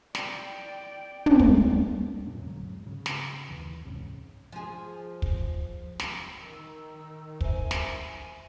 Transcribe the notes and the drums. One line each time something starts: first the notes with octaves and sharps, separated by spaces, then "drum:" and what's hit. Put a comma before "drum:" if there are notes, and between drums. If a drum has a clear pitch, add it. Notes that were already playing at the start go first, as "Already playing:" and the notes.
D5 G5, drum: snare
drum: tom
drum: kick
F2 A#2 F#3
E1 D2 F#3
G#2
C#3
drum: snare
F#1 D#2 E3
E1 C2 G#2 C#4
F3 G#4
drum: kick
drum: snare
D#3 E6
C5 E5 G#5, drum: kick
drum: snare